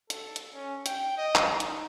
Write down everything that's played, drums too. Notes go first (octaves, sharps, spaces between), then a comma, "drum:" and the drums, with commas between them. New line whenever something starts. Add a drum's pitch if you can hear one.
A4, drum: hi-hat
drum: hi-hat
C#4
G5, drum: hi-hat
D#5
drum: clap
D#4
drum: hi-hat